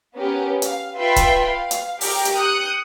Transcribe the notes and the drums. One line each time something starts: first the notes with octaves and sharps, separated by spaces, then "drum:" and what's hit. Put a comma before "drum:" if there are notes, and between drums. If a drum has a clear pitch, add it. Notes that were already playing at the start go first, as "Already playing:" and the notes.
B3 C#4 G4 A#4
F5, drum: hi-hat
F4 B4 E5 G5 B5 C6
drum: kick, hi-hat
F5
drum: hi-hat
G4 A#4 G5, drum: open hi-hat
drum: hi-hat
D#6 F#6 G6 C#7